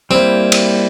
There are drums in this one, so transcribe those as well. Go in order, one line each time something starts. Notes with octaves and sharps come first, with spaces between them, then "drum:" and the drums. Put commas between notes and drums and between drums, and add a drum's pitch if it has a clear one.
G3 A#3 C4 E4
drum: cymbal